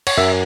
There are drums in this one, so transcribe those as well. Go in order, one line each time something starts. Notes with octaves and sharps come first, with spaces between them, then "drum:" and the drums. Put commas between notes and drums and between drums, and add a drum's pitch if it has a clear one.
C#5, drum: cymbal
F#2 E5